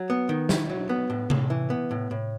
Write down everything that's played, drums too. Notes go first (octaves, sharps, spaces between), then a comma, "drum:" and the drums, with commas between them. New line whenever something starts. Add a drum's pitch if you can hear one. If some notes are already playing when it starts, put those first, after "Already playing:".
Already playing: F#3
B3
D#3
E4, drum: snare
F#3
B3
A2
A2, drum: tom C3
E3
B3
A2
A2